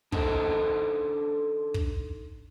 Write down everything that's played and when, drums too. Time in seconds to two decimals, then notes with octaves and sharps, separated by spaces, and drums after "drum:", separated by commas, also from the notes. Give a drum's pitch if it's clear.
0.12 D4 D#4 A4 C5 D#5 F#5, drum: kick
1.74 drum: kick